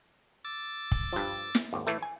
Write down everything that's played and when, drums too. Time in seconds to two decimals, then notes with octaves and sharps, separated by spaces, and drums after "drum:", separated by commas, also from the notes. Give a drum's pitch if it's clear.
0.45 D6 E6 A6
0.92 drum: kick
1.13 G2 F3
1.55 drum: snare
1.73 G#1 D#2
1.87 A2 E3 A3
2.02 G#5